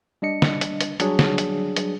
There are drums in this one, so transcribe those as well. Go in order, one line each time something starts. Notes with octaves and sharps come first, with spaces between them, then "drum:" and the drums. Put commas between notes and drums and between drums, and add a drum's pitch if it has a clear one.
G3 D4 D#5 C#7
drum: snare
drum: hi-hat
drum: hi-hat
F#3 G3 D4 G#4, drum: hi-hat
drum: snare
drum: hi-hat
drum: hi-hat